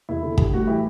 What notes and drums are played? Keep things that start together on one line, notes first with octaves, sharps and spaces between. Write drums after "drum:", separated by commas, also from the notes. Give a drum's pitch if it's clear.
E2 E4
D3
G3, drum: kick
A2 F#4
E3 E4 G4